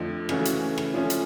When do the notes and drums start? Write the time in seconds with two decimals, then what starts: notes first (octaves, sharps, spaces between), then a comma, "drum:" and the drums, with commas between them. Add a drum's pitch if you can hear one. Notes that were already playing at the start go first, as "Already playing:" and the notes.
Already playing: F2 D3 F3 A3
0.29 C#3 E3 A3 C#4 F#4, drum: rim click
0.45 drum: hi-hat
0.78 drum: rim click
0.94 F3 A3 C#4
1.10 drum: hi-hat